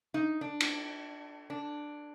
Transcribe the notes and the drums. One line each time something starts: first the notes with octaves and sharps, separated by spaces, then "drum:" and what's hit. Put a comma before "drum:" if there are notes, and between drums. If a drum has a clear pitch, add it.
D#4
D4
drum: cymbal
D4